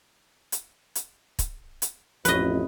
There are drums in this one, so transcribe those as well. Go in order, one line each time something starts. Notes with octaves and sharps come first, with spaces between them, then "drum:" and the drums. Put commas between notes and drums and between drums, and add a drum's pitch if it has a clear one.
drum: hi-hat
drum: hi-hat
drum: kick C#1, hi-hat
drum: hi-hat
A1 F2 B4 D#5, drum: hi-hat